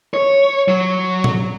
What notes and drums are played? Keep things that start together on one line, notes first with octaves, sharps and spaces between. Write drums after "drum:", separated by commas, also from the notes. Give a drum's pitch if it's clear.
C#5
F#3
drum: tom A#2